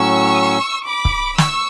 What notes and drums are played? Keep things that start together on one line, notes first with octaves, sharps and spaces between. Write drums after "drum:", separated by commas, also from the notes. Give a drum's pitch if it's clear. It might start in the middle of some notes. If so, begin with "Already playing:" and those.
Already playing: A2 F#3 C#4 C#6 E6
B5 D6
drum: kick C#1
C#6 E6, drum: snare